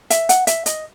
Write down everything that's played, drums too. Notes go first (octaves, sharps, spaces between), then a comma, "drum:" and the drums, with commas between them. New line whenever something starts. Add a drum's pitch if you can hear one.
E5, drum: hi-hat
F#5, drum: hi-hat
E5, drum: hi-hat
D#5, drum: hi-hat